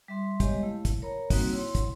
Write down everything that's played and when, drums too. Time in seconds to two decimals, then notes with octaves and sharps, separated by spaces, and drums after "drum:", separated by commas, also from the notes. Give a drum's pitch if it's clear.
0.08 G3 E5 C6
0.40 G3 G#3 B3 G4 C#5 D#5, drum: kick, hi-hat
0.63 A3 E4 F5
0.85 drum: kick, hi-hat
1.02 A#4 C#5 A#5 B5
1.30 G3 A#3 C4 D#4 F#4, drum: kick, open hi-hat
1.52 E4 C#5 C6
1.75 drum: kick, hi-hat